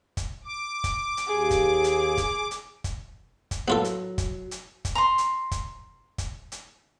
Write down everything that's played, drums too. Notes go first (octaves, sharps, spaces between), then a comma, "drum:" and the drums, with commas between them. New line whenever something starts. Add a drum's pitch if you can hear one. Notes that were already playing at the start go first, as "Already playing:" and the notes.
drum: kick, hi-hat
D6
drum: kick, hi-hat
drum: hi-hat
D#2 G#4
drum: kick, hi-hat
drum: hi-hat
drum: kick, hi-hat
drum: hi-hat
drum: kick, hi-hat
drum: kick, hi-hat
F#3 B3 F4 A4
drum: hi-hat
drum: kick, hi-hat
drum: hi-hat
drum: kick, hi-hat
A#5 C6
drum: hi-hat
drum: kick, hi-hat
drum: kick, hi-hat
drum: hi-hat